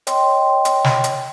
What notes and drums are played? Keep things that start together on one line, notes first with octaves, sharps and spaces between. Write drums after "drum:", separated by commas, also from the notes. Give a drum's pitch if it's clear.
C#5 D#5 G5 C6, drum: hi-hat
drum: hi-hat
drum: snare
drum: hi-hat